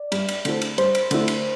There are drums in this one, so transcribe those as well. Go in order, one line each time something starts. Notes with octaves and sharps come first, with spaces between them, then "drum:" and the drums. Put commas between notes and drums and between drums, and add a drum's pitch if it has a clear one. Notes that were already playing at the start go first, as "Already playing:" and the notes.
Already playing: D5
G2, drum: cymbal
drum: cymbal
D3 A3 C4 E4, drum: cymbal
drum: cymbal
G2 C5, drum: cymbal
drum: cymbal
D3 A3 C4 E4, drum: cymbal
drum: cymbal